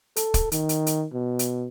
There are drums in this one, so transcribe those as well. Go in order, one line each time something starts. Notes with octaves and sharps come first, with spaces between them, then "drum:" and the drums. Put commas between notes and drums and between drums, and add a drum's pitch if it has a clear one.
A4, drum: hi-hat
drum: kick, hi-hat
D#3, drum: hi-hat
drum: hi-hat
drum: hi-hat
B2
drum: hi-hat